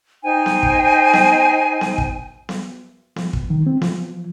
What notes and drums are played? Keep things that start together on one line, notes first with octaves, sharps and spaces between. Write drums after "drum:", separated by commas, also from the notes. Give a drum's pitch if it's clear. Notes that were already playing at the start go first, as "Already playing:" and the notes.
D#4 C5 G5 G#5
drum: snare B3
drum: kick
drum: snare B3
drum: snare B3
drum: kick
drum: snare B3
F3, drum: snare B3
drum: kick
D#3
C4
F3, drum: snare B3